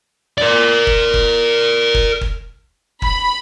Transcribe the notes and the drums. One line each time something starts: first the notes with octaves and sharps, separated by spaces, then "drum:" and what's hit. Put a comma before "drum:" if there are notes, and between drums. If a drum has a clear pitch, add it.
A#4 D5
drum: kick
drum: kick
drum: kick
drum: kick
B5, drum: kick